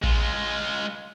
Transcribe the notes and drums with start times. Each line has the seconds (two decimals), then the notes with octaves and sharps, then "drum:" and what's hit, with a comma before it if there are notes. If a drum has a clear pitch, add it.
0.03 G#3 F4, drum: kick A1